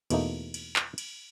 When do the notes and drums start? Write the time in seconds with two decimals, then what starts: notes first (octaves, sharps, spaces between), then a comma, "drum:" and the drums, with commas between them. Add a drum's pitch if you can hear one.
0.10 E2 B2 A3 A#3 D#4, drum: cymbal
0.54 drum: cymbal
0.76 drum: clap
0.98 drum: cymbal